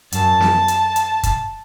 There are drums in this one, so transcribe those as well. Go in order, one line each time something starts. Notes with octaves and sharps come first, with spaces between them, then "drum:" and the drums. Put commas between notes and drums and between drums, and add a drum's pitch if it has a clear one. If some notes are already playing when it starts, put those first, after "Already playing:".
F#2 A5, drum: hi-hat
drum: snare
drum: hi-hat
drum: hi-hat
drum: kick, hi-hat